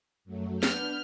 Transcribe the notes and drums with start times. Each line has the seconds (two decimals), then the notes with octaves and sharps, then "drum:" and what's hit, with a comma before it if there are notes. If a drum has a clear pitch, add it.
0.25 F#2 F#3 A3
0.63 B3 D4 F6 G6, drum: snare